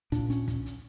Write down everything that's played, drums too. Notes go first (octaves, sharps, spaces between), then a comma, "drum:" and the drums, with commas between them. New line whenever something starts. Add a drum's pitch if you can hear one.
A#2 D4, drum: kick, hi-hat
C#4, drum: hi-hat
drum: kick, hi-hat
drum: hi-hat